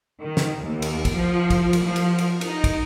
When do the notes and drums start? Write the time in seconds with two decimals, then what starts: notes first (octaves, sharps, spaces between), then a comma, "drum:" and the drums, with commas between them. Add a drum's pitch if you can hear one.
0.23 D#3
0.37 drum: snare
0.64 D#2
0.82 drum: cymbal
1.05 drum: kick, cymbal
1.15 F3
1.50 drum: kick, cymbal
1.73 drum: cymbal
1.84 F3
1.96 drum: cymbal
2.18 drum: cymbal
2.41 D#4, drum: cymbal
2.64 drum: kick, cymbal